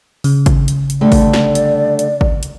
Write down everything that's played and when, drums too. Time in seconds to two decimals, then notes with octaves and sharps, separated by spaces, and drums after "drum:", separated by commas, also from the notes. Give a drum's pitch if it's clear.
0.24 C#3, drum: open hi-hat
0.46 drum: kick G#1, hi-hat
0.68 drum: hi-hat
0.90 drum: hi-hat
1.01 D3 G3 A3 D5
1.12 drum: kick G#1, open hi-hat
1.34 drum: snare
1.55 drum: hi-hat
1.99 drum: hi-hat
2.21 drum: kick G#1
2.43 drum: hi-hat